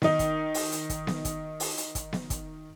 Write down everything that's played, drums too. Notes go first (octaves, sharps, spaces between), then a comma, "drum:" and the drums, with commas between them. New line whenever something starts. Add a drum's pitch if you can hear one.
D#3 D#4, drum: snare B3
drum: kick, hi-hat
drum: open hi-hat
drum: hi-hat
drum: kick, hi-hat
drum: snare B3
drum: kick, hi-hat
drum: open hi-hat
drum: hi-hat
drum: kick, hi-hat
drum: snare B3
drum: kick, hi-hat